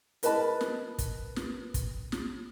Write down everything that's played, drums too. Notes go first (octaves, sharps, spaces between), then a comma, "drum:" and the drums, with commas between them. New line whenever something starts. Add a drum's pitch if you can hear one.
A#4 B4 D#5 A5 B5, drum: hi-hat
drum: snare
drum: kick, hi-hat
drum: snare
drum: kick, hi-hat
drum: snare